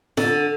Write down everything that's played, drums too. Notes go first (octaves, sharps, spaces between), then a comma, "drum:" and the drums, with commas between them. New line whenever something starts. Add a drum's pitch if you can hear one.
D3, drum: snare F4